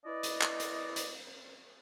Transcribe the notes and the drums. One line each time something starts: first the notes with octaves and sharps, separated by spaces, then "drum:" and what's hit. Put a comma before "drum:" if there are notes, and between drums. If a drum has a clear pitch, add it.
E4 B4 D5 D#5
drum: hi-hat
drum: clap
drum: hi-hat
drum: hi-hat